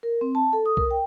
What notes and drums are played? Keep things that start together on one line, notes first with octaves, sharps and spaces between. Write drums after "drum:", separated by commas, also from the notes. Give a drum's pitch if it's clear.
A#4
C4
A5
A4
D#6
A#4, drum: kick C2
G5